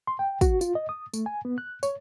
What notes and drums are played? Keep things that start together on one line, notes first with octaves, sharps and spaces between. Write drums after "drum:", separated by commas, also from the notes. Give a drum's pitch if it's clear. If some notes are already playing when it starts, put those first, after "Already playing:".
C6
G5
F#4, drum: kick, tambourine
F4, drum: tambourine
D#5
D#6
A3, drum: tambourine
G#5
B3
F#6
C#5, drum: tambourine